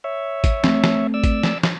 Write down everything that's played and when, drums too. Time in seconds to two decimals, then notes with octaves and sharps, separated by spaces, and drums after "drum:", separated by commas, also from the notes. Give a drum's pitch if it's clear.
0.04 C#5 E5
0.44 drum: kick A1, hi-hat
0.64 A3 C4, drum: snare
0.84 drum: snare
1.14 D5 E6
1.24 drum: kick A1, hi-hat
1.43 drum: snare
1.63 drum: snare